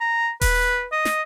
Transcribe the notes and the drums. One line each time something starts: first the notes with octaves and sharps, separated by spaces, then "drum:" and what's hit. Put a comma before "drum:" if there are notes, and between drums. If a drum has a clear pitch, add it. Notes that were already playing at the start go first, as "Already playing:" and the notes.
A#5
B4, drum: kick D#1, open hi-hat
D#5
drum: snare